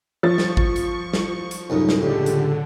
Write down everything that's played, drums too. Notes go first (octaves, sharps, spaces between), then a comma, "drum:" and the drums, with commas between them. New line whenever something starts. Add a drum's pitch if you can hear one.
F3 C#6 A6
drum: snare
drum: kick G#1
drum: hi-hat
drum: snare
drum: hi-hat
C2 F#2 A2 D#4
drum: snare
C#2 A2 D3 G4
drum: hi-hat